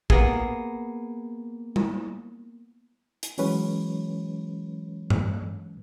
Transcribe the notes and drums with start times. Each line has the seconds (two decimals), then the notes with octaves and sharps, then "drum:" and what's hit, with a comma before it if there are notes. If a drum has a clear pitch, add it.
0.10 A#3 B3 G#4, drum: kick
1.76 drum: tom G3
3.23 drum: hi-hat
3.38 E3 F#3 G#3 C#4 B4 C#5, drum: open hi-hat
5.10 drum: tom G2